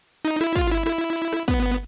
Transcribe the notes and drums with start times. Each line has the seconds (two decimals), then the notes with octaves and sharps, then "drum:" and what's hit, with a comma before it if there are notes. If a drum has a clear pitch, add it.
0.25 D#4, drum: hi-hat
0.41 E4, drum: rim click
0.56 F4, drum: kick, hi-hat
0.72 E4
0.86 E4, drum: rim click
1.17 drum: hi-hat
1.33 drum: rim click
1.48 B3, drum: kick, hi-hat